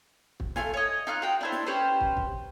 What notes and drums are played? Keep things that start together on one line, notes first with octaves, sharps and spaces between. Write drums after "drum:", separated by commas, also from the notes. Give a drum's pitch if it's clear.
drum: kick
A3 F4 G#5, drum: snare
C#5 D#5
D#4 F4 F6 F#6
F#4 F5 G5
D4 E4 C5
drum: snare
C#4 G4 B4 C5
drum: kick
drum: kick